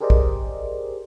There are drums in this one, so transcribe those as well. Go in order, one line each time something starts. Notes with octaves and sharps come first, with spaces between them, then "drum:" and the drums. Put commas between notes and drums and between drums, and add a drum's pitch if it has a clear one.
G4 G#4 A#4 C5 D5 D#5
drum: kick